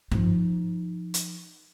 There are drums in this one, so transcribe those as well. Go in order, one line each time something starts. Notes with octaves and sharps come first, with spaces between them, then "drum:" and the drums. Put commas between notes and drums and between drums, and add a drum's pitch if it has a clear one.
F3 D#4, drum: tom G2
drum: hi-hat